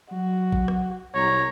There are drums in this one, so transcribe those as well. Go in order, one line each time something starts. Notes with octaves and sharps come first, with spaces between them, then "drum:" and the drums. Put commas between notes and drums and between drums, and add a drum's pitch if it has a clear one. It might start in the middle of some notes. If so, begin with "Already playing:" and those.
F#3 F#4
drum: kick A1
drum: rim click
C2 C#5 A#5